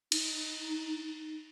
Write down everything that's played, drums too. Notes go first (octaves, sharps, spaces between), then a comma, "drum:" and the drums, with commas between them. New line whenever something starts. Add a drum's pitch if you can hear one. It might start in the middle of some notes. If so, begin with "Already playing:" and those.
D#4, drum: cymbal